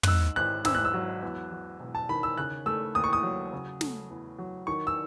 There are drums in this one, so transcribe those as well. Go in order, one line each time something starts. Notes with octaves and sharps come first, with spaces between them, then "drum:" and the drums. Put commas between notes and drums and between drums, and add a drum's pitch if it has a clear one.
F#6, drum: tom
G#2 E6
G#1 F#6
G#1 E6, drum: snare
F#6
E6
F#3
E2
F#3
E1
A5
D#3 B5
E6
C#3 F#6
A3 E6
D#2 D#6
C#6
D#6
F#3
C#3
A3, drum: snare
E2
F#3
D#3 C#6
E6